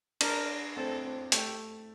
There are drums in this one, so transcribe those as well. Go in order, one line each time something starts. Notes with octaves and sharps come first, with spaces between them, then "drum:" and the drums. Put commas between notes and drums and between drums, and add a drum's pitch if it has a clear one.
D4 A#4, drum: cymbal
C4 A4
C4
A3 G4, drum: hi-hat